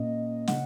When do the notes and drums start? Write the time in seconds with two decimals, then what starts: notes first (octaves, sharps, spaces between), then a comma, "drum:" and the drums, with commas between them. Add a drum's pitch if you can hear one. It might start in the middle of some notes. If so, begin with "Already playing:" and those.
Already playing: A#2 A#3 C#4 D#5
0.47 C#3 F#5, drum: snare